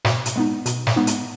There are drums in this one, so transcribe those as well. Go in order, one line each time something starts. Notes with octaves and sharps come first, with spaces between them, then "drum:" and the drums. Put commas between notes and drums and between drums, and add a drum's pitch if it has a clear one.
B2, drum: snare
drum: hi-hat
G#3 B3 D#4
B2, drum: hi-hat
drum: snare
G#3 B3 D#4
drum: hi-hat